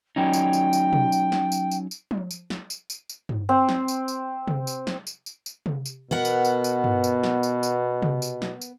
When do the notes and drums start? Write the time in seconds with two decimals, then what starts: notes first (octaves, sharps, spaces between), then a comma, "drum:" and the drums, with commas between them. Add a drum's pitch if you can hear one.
0.16 F#3 C#4 D#4 G5
0.33 drum: tambourine
0.53 drum: tambourine
0.73 drum: tambourine
0.93 drum: tom B2
1.12 drum: tambourine
1.32 drum: snare
1.52 drum: tambourine
1.71 drum: tambourine
1.91 drum: tambourine
2.11 drum: tom
2.31 drum: tambourine
2.50 drum: snare
2.70 drum: tambourine
2.90 drum: tambourine
3.09 drum: tambourine
3.29 drum: tom G2
3.49 C4
3.69 drum: snare
3.88 drum: tambourine
4.08 drum: tambourine
4.47 drum: tom C3
4.67 drum: tambourine
4.87 drum: snare
5.07 drum: tambourine
5.26 drum: tambourine
5.46 drum: tambourine
5.66 drum: tom C3
5.85 drum: tambourine
6.11 B2 B3 A#4 F#5
6.25 drum: tambourine
6.45 drum: tambourine
6.64 drum: tambourine
6.84 drum: tom G2
7.04 drum: tambourine
7.23 drum: snare
7.43 drum: tambourine
7.63 drum: tambourine
8.02 drum: tom C3
8.22 drum: tambourine
8.42 drum: snare
8.61 drum: tambourine